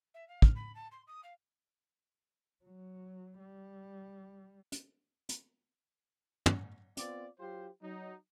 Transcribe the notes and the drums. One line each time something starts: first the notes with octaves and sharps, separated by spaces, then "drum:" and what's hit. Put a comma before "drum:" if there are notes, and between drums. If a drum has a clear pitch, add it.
E5
F5
F6, drum: kick
B5
A5
C6
D#6
F5
F#3
G3
drum: hi-hat
drum: hi-hat
drum: tom
B3 C4 F4 D5, drum: hi-hat
F#3 F4 G4 C5
F#3 D#4